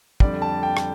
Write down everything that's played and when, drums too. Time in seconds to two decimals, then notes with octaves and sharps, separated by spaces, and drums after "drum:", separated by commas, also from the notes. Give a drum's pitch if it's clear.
0.20 F2 D3 G3 D5, drum: kick
0.42 A5
0.63 G5
0.77 drum: rim click